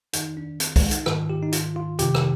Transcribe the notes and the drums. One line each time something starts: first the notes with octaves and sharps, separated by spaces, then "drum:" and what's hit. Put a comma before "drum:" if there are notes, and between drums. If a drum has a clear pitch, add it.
F2 D#3 D#4, drum: hi-hat
D4
C4, drum: hi-hat
G#3, drum: kick B1, open hi-hat
D#4, drum: hi-hat
G#2 D#3 F4, drum: rim click
G4
D#4
F4, drum: hi-hat
F4
F2 C3 D#3 G4, drum: hi-hat
drum: rim click